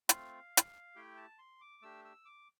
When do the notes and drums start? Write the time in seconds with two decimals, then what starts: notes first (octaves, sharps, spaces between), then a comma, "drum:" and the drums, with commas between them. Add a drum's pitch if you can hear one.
0.09 A3 C4 F4 F5, drum: hi-hat
0.57 drum: hi-hat
0.95 A3 E4 G4 G5
1.17 A5
1.39 C6
1.61 D6
1.82 A3 D4 G4 E6
2.05 E6
2.25 D6